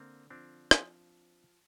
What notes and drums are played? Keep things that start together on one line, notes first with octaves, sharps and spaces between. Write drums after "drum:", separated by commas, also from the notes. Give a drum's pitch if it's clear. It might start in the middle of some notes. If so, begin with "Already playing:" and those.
Already playing: D3 A#3 C4
F3 C4 D4
F3, drum: rim click